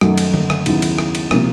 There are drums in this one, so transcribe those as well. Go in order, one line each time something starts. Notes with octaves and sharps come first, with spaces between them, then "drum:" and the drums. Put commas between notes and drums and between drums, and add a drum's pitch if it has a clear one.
F#2 D#3 F#3 A3, drum: rim click
drum: cymbal
drum: tom D3
drum: rim click
D#2 C#3 F#3 B3 E4, drum: cymbal
drum: cymbal
drum: rim click
drum: cymbal
C3 F3 A#3, drum: rim click